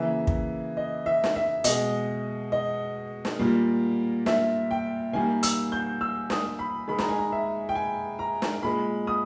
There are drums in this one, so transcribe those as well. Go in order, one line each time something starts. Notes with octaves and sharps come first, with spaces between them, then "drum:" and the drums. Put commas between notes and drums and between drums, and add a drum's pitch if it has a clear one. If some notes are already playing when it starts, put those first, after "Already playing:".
Already playing: C#3 E3 A#3 E5
drum: kick
D#5
E5
drum: snare
E5
B2 G#3 D#5, drum: hi-hat
D#5
drum: snare
A#2 G3 A#3
E5, drum: snare
G5
D#3 G3 A#3 G#5
E6, drum: hi-hat
G6
E6
D#6, drum: snare
B5
D#3 G#3 B5
A#5, drum: snare
G#5
A#5
E5
G5
G#5
A#5
drum: snare
A#2 G#3 B5
D#6